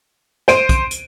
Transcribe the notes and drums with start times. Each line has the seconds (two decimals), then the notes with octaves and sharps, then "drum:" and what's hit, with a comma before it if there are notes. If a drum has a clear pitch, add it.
0.48 C5 D7 D#7, drum: snare
0.69 drum: kick, hi-hat
0.91 drum: hi-hat